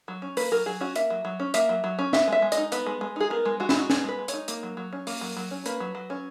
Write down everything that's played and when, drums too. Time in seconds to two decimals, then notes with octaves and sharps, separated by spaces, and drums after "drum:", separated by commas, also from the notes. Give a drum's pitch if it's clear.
0.08 F#3
0.22 C#4
0.37 A#3 B4, drum: open hi-hat
0.52 F#3 A#4
0.66 F#3 G#4
0.80 C#4 F#4
0.96 A#3 E5, drum: hi-hat
1.10 F#3
1.25 F#3
1.40 C#4
1.54 A#3 E5, drum: hi-hat
1.69 F#3
1.84 F#3
1.99 C#4
2.13 B3 E5, drum: snare
2.28 G#3 E5
2.42 G#3
2.52 D#5, drum: hi-hat
2.57 D#4
2.72 B3 B4, drum: hi-hat
2.86 G#3
3.01 G#3
3.16 D#4 G#4
3.30 B3 A#4
3.45 G#3
3.60 G#3 F#4
3.69 E4, drum: snare
3.75 D#4 F#4
3.90 B3 G#4, drum: snare
4.04 G#3 B4
4.19 G#3
4.28 C#5, drum: hi-hat
4.33 D#4
4.48 A#3, drum: hi-hat
4.63 F#3
4.77 F#3
4.93 C#4
5.07 A#3, drum: open hi-hat
5.21 F#3
5.36 F#3
5.51 C#4
5.66 A#3 B4, drum: hi-hat
5.80 F#3
5.95 F#3
6.10 C#4